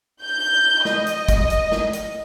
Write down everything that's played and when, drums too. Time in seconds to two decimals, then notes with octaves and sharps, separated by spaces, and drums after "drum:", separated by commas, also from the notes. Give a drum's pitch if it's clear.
0.23 G6
0.85 D#5, drum: snare
1.07 drum: hi-hat
1.28 drum: kick, hi-hat
1.50 drum: hi-hat
1.72 drum: snare
1.93 drum: hi-hat